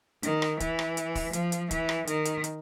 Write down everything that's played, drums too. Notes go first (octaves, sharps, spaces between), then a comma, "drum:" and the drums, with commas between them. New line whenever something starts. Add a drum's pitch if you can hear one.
D#3, drum: hi-hat
drum: rim click
E3, drum: kick, hi-hat
drum: rim click
drum: hi-hat
drum: kick, open hi-hat
F3, drum: hi-hat
drum: hi-hat
E3, drum: kick, hi-hat
drum: rim click
D#3, drum: hi-hat
drum: hi-hat
drum: hi-hat